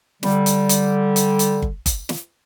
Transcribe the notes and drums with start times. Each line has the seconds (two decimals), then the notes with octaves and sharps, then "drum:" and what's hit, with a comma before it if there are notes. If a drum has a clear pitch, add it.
0.23 D3 G3, drum: snare
0.46 drum: hi-hat
0.69 drum: hi-hat
1.16 drum: hi-hat
1.39 drum: hi-hat
1.62 drum: kick G1
1.86 drum: kick G1, hi-hat
2.09 drum: snare